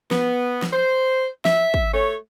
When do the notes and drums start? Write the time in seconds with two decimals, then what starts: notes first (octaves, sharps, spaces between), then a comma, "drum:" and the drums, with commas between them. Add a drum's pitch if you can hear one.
0.11 B3, drum: snare F3
0.62 drum: snare F3
0.73 C5
1.45 E5, drum: snare F3
1.74 drum: kick
1.94 A3 C#5